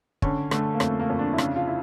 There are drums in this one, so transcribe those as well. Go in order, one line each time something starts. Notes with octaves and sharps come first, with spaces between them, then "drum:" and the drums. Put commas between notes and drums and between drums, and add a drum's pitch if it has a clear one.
D3 C#4, drum: kick
D3 A3, drum: rim click
A#3
F2 A3, drum: rim click
A#3
F2
D4
E4
C#3 D4, drum: rim click
F4
E4